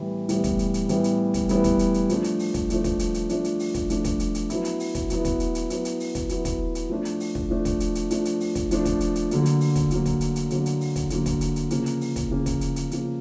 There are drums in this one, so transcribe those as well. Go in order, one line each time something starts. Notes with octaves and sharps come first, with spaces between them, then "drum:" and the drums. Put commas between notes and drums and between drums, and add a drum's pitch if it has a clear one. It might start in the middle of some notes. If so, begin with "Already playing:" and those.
Already playing: A2 E3 G3 B3 E4
A2 E3 G3 B3 E4, drum: hi-hat
drum: kick, hi-hat
drum: hi-hat
drum: hi-hat
A2 E3 G3 B3 E4, drum: hi-hat
drum: hi-hat
drum: kick, hi-hat
A2 E3 G3 B3 E4, drum: hi-hat
drum: kick, hi-hat
drum: hi-hat
drum: hi-hat
F3 A3 D4, drum: hi-hat
drum: hi-hat
drum: open hi-hat
drum: kick, hi-hat
F3 A3 D4, drum: hi-hat
drum: kick, hi-hat
drum: hi-hat
drum: hi-hat
F3 A3 D4, drum: hi-hat
drum: hi-hat
drum: open hi-hat
drum: kick, hi-hat
F3 A3 D4, drum: hi-hat
drum: kick, hi-hat
drum: hi-hat
drum: hi-hat
F#3 B3 E4, drum: hi-hat
drum: hi-hat
drum: open hi-hat
drum: kick, hi-hat
F#3 B3 E4, drum: hi-hat
drum: kick, hi-hat
drum: hi-hat
drum: hi-hat
F#3 B3 E4, drum: hi-hat
drum: hi-hat
drum: open hi-hat
drum: kick, hi-hat
F#3 B3 E4, drum: hi-hat
drum: kick, hi-hat
drum: hi-hat
F3 A3 D4
drum: hi-hat
drum: open hi-hat
drum: kick
F3 A3 D4
drum: kick, hi-hat
drum: hi-hat
drum: hi-hat
F3 A3 D4, drum: hi-hat
drum: hi-hat
drum: open hi-hat
drum: kick, hi-hat
F3 A3 D4, drum: hi-hat
drum: kick, hi-hat
drum: hi-hat
drum: hi-hat
D3 F#3 A#3, drum: hi-hat
drum: hi-hat
drum: open hi-hat
drum: kick, hi-hat
D3 F#3 A#3, drum: hi-hat
drum: kick, hi-hat
drum: hi-hat
drum: hi-hat
D3 F#3 A#3, drum: hi-hat
drum: hi-hat
drum: open hi-hat
drum: kick, hi-hat
D3 F#3 A#3, drum: hi-hat
drum: kick, hi-hat
drum: hi-hat
drum: hi-hat
C#3 F3 A#3, drum: hi-hat
drum: hi-hat
drum: open hi-hat
drum: kick, hi-hat
C#3 F3 A#3
drum: kick, hi-hat
drum: hi-hat
drum: hi-hat
C#3 F3 A#3, drum: hi-hat